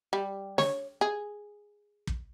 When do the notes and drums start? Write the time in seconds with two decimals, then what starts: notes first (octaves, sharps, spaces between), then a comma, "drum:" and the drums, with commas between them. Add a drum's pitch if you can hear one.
0.13 G3
0.58 C#5, drum: snare
1.01 G#4
2.07 drum: kick